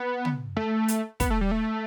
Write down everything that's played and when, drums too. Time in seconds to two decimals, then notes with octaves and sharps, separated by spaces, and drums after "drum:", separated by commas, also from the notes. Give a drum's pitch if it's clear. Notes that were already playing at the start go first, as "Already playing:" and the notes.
Already playing: B3
0.25 drum: tom
0.57 A3
0.88 drum: hi-hat
1.20 B3, drum: kick, hi-hat
1.30 A3
1.41 G3
1.51 A3